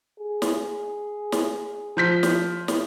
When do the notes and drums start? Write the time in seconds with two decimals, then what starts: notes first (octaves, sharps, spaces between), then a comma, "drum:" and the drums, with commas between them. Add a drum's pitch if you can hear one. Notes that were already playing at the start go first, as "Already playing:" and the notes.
0.19 G#4
0.42 drum: snare
1.32 drum: snare
1.97 F3 G6 B6
2.23 drum: snare
2.68 drum: snare